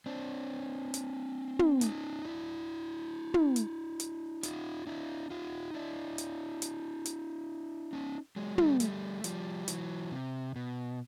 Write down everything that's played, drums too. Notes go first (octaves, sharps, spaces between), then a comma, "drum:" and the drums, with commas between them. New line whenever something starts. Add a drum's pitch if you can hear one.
C4 D4
drum: hi-hat
drum: tom
C#4 D#4, drum: hi-hat
D4 E4
drum: tom
drum: hi-hat
drum: hi-hat
D#4 F4, drum: hi-hat
D4 E4
D#4 F4
D4 E4
drum: hi-hat
drum: hi-hat
drum: hi-hat
C#4 D#4
F#3 G#3
G3 A3, drum: tom
G3 A3, drum: hi-hat
F3 G3, drum: hi-hat
E3 F#3, drum: hi-hat
C3
B2